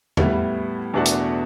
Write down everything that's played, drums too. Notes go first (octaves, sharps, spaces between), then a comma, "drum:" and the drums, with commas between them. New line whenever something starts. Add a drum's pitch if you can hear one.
A2 G3 B3 E4, drum: tom
E2 B2 A3 D4 F#4
drum: hi-hat